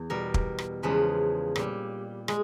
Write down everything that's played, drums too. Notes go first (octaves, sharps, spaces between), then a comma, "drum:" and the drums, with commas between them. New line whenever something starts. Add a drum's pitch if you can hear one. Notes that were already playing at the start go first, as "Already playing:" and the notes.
Already playing: E2
B2 G3 A#4
drum: kick
drum: rim click
E2 C#3 F3 G#3 B4
A#2 G3, drum: rim click
G#3, drum: rim click